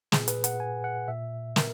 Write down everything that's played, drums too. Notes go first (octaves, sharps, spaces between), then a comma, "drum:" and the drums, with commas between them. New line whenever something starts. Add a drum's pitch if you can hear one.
A#2 G#4, drum: snare
B4, drum: hi-hat
F#5, drum: hi-hat
G#5
F#5
A#2 E5
A#4, drum: snare